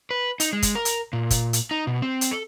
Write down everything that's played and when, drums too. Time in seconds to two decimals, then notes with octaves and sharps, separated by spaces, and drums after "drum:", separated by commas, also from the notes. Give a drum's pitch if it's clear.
0.11 B4
0.40 D#4, drum: hi-hat
0.53 G#3
0.62 drum: kick, hi-hat
0.75 A#4
0.85 drum: hi-hat
1.13 A#2
1.30 drum: kick, hi-hat
1.53 drum: hi-hat
1.71 D#4
1.87 B2
2.02 C4
2.21 drum: hi-hat
2.31 A4